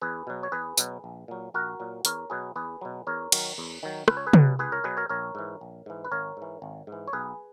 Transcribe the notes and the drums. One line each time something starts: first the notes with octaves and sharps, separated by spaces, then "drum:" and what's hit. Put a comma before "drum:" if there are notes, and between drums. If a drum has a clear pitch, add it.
E2 G#4 B4
B2 F#3
C#5
E2 G#4 B4
B2 F#3, drum: tambourine
A#1
A#2 F#3
A#1 F#4 A#4
A#2 F#3
E2 A#4 C#5, drum: hi-hat
B2 F#3 G#4 B4
E2 G#4 B4
B2 F#3
E2 A#4 C#5
D#3 F#3, drum: cymbal
E2
D#3 F#3
C#2 B4, drum: rim click
C#5
G#4 B4
B2 F#3, drum: tom
C#2 G#4 B4
A#4 C#5
B2 F#3 G#4 B4
A#4 C#5
A#1 A#4 C#5
G#2 E3
A#1
G#2 E3
B4
G#1 A#4 C#5
G#2 E3
G#1
G#2
E3
C#5
B1 G#4 B4